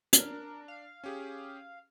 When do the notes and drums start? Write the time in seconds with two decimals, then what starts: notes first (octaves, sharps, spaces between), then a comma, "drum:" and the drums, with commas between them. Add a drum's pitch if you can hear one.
0.13 D4 A#4, drum: hi-hat
0.68 F5
1.04 C#4 G4 G#4